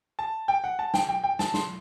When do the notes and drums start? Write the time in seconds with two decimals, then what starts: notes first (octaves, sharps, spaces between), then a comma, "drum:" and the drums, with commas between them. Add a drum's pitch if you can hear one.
0.19 A5
0.48 G5
0.64 F#5
0.79 A5
0.94 G5, drum: snare
1.09 G5
1.24 G5
1.39 A5, drum: snare
1.54 C6, drum: snare